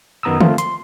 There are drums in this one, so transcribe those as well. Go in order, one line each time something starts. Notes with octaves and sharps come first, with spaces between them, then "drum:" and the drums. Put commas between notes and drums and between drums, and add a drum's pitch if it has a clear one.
F#2 D#3 B3 A#5 D#6 E6
A3 C4 F4, drum: tom D3
C6, drum: hi-hat